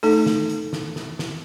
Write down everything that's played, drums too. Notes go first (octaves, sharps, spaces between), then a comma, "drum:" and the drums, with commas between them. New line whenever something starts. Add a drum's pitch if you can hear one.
A3 D#4 A4, drum: open hi-hat
drum: snare
drum: hi-hat
drum: snare
drum: snare
drum: snare